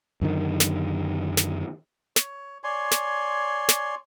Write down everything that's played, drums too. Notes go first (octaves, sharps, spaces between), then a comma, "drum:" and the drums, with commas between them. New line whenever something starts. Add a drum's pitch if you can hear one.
F#2 D3 D#3
drum: snare
drum: snare
C#5, drum: snare
C#5 D5 G#5 C6
drum: snare
drum: snare